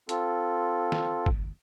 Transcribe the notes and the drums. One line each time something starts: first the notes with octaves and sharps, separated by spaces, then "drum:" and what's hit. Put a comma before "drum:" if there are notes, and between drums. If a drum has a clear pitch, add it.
C4 F4 A4, drum: hi-hat
drum: snare
drum: kick G#1